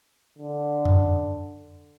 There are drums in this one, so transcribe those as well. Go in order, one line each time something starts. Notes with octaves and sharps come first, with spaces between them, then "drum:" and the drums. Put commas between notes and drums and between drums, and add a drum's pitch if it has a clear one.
D3
drum: tom F2